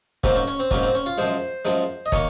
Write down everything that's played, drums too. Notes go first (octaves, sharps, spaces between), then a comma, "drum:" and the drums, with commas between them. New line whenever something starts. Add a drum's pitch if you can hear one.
G#2 F#3 A#3 C4, drum: kick, hi-hat
C#4
C#4
C4
G#2 F#3 A#3 C#4, drum: kick, hi-hat
C4
C#4
F4
F#2 F3 G#3 C5
F#2 F3 G#3, drum: hi-hat
D#5
D#3 A#3 C#5, drum: kick, hi-hat